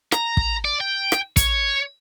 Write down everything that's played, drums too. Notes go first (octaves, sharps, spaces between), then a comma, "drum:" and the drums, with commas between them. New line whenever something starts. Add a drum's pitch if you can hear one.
A#5, drum: rim click
drum: kick
D5
G5
drum: rim click
C#5, drum: kick, hi-hat